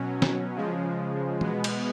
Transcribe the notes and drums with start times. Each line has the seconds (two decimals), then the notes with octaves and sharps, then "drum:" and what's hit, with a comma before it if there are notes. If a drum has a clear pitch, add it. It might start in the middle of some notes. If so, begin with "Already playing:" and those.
Already playing: B2 F#3 C#4
0.22 drum: snare
0.56 C#3 F3 G#3
1.41 B2 G#3 B3, drum: tom E3
1.64 drum: cymbal